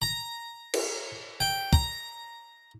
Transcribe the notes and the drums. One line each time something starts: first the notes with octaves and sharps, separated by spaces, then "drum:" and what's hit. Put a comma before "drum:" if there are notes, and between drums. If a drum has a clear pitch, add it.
A#5
drum: cymbal
G5
A#5, drum: kick